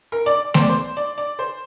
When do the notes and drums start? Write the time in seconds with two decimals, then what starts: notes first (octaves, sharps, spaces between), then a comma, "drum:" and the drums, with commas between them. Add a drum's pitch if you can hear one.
0.12 A#4
0.26 D5
0.54 C5, drum: snare A3
0.61 D5
0.69 C5
0.97 D5
1.18 D5
1.39 C5